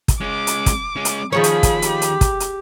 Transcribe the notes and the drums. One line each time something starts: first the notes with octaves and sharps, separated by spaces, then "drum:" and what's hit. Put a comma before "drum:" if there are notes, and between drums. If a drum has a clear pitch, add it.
drum: kick, hi-hat
G#3 C#4 D6
drum: hi-hat
drum: kick, hi-hat
G#3 C#4
drum: hi-hat
D#2 D#3 F3 G#4 C#5 B5
drum: hi-hat
drum: kick, hi-hat
G4, drum: hi-hat
drum: hi-hat
drum: kick, hi-hat
drum: hi-hat